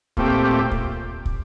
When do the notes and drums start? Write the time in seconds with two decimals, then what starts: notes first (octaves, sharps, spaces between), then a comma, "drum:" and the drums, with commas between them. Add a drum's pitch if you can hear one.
0.17 A#2 A3 C4 G4, drum: kick
0.71 drum: kick
1.25 drum: kick